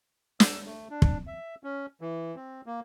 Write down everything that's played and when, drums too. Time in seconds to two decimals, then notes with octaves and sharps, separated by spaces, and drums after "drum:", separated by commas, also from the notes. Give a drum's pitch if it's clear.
0.40 E6, drum: snare
0.66 A3
0.90 D4
1.02 drum: kick
1.27 E5
1.63 C#4
2.01 E3
2.36 C4
2.66 A#3